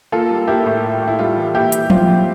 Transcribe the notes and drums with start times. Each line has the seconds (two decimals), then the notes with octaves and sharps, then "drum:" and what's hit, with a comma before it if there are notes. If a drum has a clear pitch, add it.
0.12 A#3 F4 A4
0.31 G3
0.47 A#3 E4 G4
0.66 A2
0.84 A2
1.01 A2
1.08 E4
1.19 G3 F4
1.37 E3
1.54 A#2 E4 G4
1.72 A#2, drum: hi-hat
1.90 C4 F4, drum: tom F3
2.08 A#2